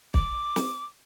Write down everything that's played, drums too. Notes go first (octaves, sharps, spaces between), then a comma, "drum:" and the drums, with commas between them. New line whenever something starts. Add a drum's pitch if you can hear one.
D6, drum: kick
drum: snare